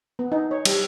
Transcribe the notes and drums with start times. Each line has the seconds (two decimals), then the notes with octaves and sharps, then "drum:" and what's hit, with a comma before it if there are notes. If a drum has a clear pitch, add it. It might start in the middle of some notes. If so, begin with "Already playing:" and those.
0.19 B3
0.32 D#4
0.51 C#5
0.65 G3, drum: cymbal